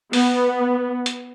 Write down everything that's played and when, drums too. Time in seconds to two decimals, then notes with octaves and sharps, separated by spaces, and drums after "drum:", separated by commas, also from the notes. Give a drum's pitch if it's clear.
0.13 B3, drum: open hi-hat
1.06 drum: hi-hat